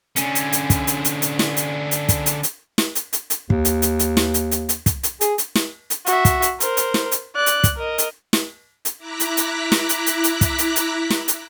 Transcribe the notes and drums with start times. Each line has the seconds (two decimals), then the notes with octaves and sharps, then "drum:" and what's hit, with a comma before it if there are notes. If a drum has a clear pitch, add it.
0.16 D3 C#4, drum: hi-hat
0.35 drum: hi-hat
0.52 drum: hi-hat
0.70 drum: kick, hi-hat
0.87 drum: hi-hat
1.05 drum: hi-hat
1.22 drum: hi-hat
1.39 drum: snare
1.57 drum: hi-hat
1.91 drum: hi-hat
2.09 drum: kick, hi-hat
2.26 drum: hi-hat
2.43 drum: hi-hat
2.78 drum: snare
2.95 drum: hi-hat
3.13 drum: hi-hat
3.30 drum: hi-hat
3.50 D#2, drum: kick
3.65 drum: hi-hat
3.82 drum: hi-hat
3.99 drum: hi-hat
4.17 drum: snare
4.34 drum: hi-hat
4.51 drum: hi-hat
4.69 drum: hi-hat
4.86 drum: kick, hi-hat
5.03 drum: hi-hat
5.21 G#4, drum: hi-hat
5.38 drum: hi-hat
5.55 drum: snare
5.90 drum: hi-hat
6.06 F#4 E5, drum: hi-hat
6.25 drum: kick, hi-hat
6.42 drum: hi-hat
6.60 A#4 C5, drum: hi-hat
6.77 drum: hi-hat
6.94 drum: snare
7.12 drum: hi-hat
7.36 D5 F#6
7.46 drum: hi-hat
7.64 drum: kick, hi-hat
7.77 A#4 D#5
7.98 drum: hi-hat
8.33 drum: snare
8.85 drum: hi-hat
8.97 E4 A#5 D6 F#6 B6
9.20 drum: hi-hat
9.37 drum: hi-hat
9.72 drum: snare
9.89 drum: hi-hat
10.06 drum: hi-hat
10.24 drum: hi-hat
10.41 drum: kick, hi-hat
10.58 drum: hi-hat
10.76 drum: hi-hat
11.10 drum: snare
11.28 drum: hi-hat